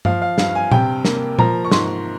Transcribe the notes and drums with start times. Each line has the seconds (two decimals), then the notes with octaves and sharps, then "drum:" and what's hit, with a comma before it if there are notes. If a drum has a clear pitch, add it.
0.05 F3 F5, drum: tom G2
0.22 F5
0.38 G2 F5, drum: snare
0.55 G#5
0.72 C3 G5, drum: tom A#2
1.05 A#3, drum: snare
1.39 F3 A#5, drum: tom A#2
1.65 C#6
1.71 G#2 C6, drum: snare